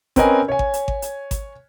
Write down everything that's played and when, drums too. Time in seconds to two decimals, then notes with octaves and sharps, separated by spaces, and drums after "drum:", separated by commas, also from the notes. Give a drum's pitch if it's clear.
0.16 C4 C#4 A#4 B4 D#5 G#5, drum: kick G#1, hi-hat
0.48 C#5 G#5
0.59 drum: kick G#1
0.74 drum: hi-hat
0.88 drum: kick G#1
1.02 drum: hi-hat
1.31 drum: kick G#1, hi-hat